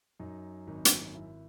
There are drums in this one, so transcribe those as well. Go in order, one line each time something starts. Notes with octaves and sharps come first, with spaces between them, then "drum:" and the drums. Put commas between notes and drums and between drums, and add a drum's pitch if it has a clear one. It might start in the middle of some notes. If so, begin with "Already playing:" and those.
F#2 D#4
G#1 D#4
drum: hi-hat
G#1 E4